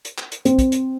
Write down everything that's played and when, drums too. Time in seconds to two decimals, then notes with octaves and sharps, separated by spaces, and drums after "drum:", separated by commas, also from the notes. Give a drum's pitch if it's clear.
0.05 drum: hi-hat
0.18 drum: clap
0.32 drum: hi-hat
0.45 C4, drum: hi-hat
0.58 drum: kick, hi-hat
0.72 drum: hi-hat